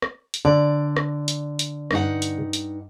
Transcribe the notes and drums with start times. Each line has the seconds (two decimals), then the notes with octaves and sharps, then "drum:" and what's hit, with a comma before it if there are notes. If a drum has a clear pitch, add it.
0.02 drum: rim click
0.34 drum: hi-hat
0.45 D3 D5
0.97 drum: rim click
1.28 drum: hi-hat
1.59 drum: hi-hat
1.91 G2 D#4 F#5, drum: rim click
2.22 drum: hi-hat
2.53 drum: hi-hat